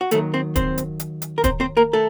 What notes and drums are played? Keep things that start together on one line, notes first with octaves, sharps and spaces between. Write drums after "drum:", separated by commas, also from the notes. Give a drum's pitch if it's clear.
F#4
D#2 D#3 F#3 A3 A4, drum: hi-hat
C4 C5
C4 C5, drum: kick, hi-hat
drum: hi-hat
drum: hi-hat
drum: hi-hat
A#4
C4 C5, drum: kick, hi-hat
C4 C5
A#3 A#4
A3 A4